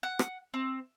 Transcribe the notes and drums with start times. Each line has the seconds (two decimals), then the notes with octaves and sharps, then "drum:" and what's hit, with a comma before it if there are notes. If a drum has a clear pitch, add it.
0.03 F#5
0.19 drum: rim click
0.54 C4